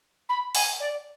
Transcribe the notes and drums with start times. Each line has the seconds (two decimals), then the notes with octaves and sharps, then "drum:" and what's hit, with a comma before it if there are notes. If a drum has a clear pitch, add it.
0.29 B5
0.55 G#5, drum: open hi-hat
0.80 D5